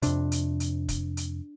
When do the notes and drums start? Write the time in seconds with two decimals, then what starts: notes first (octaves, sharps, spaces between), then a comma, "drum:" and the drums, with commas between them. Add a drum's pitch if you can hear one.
0.02 F2 C3 D4, drum: hi-hat
0.32 drum: hi-hat
0.60 drum: hi-hat
0.89 drum: kick, hi-hat
1.17 drum: hi-hat